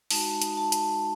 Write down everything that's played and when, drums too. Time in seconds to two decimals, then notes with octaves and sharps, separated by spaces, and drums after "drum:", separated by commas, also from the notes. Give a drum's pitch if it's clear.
0.10 G#3 D#4 F#4 A5, drum: open hi-hat
0.42 drum: hi-hat
0.57 A5
0.72 drum: hi-hat